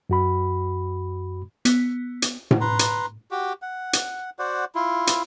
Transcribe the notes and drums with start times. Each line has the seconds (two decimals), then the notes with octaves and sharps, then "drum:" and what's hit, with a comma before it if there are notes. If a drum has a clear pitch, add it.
0.09 F#2 F#4 B5
1.65 B3, drum: hi-hat
2.22 drum: hi-hat
2.51 drum: tom A2
2.61 B4 A#5 C6
2.79 drum: hi-hat
3.31 F#4 G4
3.62 F#5
3.93 drum: hi-hat
4.39 F#4 C5 D5 F#5
4.75 E4 F4
5.07 drum: hi-hat